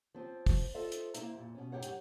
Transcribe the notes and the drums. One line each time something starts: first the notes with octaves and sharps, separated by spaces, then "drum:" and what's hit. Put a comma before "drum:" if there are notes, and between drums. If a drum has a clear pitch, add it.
F3 C4
drum: kick, open hi-hat
F4 A4 C5 D#5 E5
drum: hi-hat
A#3 C4 E4 E5, drum: hi-hat
F2 A#2
B2 C#4
F#2 A2 D#3 G4 C#5 F#5
drum: hi-hat